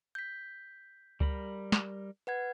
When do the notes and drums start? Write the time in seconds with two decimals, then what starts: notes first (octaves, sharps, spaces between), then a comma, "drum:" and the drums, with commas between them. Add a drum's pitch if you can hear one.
0.15 G6 B6
1.20 G3 A#4 B5, drum: kick C#2
1.72 drum: snare
2.27 B4 F#5 G#6